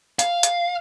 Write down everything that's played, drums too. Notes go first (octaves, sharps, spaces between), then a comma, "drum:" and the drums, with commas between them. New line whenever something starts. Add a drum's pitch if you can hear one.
F5, drum: hi-hat
drum: hi-hat